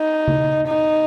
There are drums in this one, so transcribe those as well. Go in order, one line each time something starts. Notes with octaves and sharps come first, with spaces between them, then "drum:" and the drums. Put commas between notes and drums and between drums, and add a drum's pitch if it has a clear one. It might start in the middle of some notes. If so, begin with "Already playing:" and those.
Already playing: D#4
drum: tom C#3
D#4